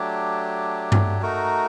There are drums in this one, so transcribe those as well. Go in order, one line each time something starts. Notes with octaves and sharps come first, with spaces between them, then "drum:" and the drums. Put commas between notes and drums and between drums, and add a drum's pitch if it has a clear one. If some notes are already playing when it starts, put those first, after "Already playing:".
Already playing: F#3 A3 D4 G4
drum: tom G2
A3 D#4 F#4 A#4